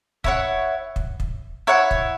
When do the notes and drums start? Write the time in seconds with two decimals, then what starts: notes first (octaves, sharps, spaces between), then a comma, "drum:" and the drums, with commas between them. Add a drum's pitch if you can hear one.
0.24 E4 C#5 F#5, drum: kick
0.96 drum: kick
1.20 drum: kick
1.67 E4 C#5 F#5
1.91 drum: kick